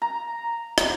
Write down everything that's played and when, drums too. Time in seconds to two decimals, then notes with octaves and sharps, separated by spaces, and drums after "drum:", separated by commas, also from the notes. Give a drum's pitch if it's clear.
0.02 A#5
0.78 drum: rim click